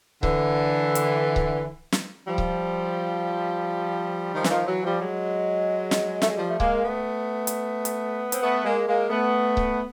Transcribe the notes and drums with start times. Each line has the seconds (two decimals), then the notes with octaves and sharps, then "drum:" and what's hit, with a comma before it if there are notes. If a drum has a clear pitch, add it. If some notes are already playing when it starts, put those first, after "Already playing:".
0.23 D3 E3, drum: kick C#1
0.95 drum: hi-hat
1.36 drum: kick C#1
1.92 drum: snare
2.28 F3 G3
2.38 drum: kick C#1
4.32 D#3 F3
4.44 E3, drum: snare
4.49 D#3 F3
4.66 E3 F#3
4.84 F3 G3
5.00 F#3 G#3
5.91 drum: snare
6.22 A3, drum: snare
6.29 G#3
6.37 F3 G3
6.49 A3
6.60 G#3 A#3, drum: kick C#1
6.83 A3 B3
7.47 drum: hi-hat
7.85 drum: hi-hat
8.32 C4, drum: hi-hat
8.42 A3 B3
8.64 G#3 A#3
8.87 G#3 A#3
9.10 A3 B3
9.57 drum: kick C#1